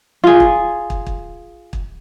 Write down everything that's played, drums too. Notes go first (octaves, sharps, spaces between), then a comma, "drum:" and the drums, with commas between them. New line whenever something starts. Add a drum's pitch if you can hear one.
F4 G#4
drum: kick
drum: kick
drum: kick
drum: kick